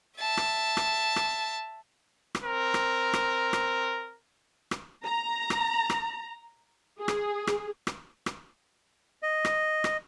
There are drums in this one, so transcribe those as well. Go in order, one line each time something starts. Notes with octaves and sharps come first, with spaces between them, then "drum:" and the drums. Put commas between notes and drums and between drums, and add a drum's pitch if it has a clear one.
E5 A5
drum: rim click
drum: rim click
drum: rim click
drum: rim click
C4 A#4
drum: rim click
drum: rim click
drum: rim click
drum: rim click
A#5
drum: rim click
drum: rim click
G#4
drum: rim click
drum: rim click
drum: rim click
drum: rim click
D#5
drum: rim click
drum: rim click